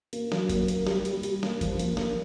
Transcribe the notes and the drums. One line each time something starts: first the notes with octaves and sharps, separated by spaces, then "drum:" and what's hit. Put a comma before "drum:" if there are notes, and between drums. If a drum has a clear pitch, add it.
A#3, drum: hi-hat
F#3, drum: snare
A#3, drum: kick G1, hi-hat
A#3, drum: hi-hat
G3, drum: snare
G3, drum: hi-hat
G3, drum: hi-hat
A#3, drum: snare
F3, drum: kick G1, hi-hat
A#3, drum: hi-hat
A#3, drum: snare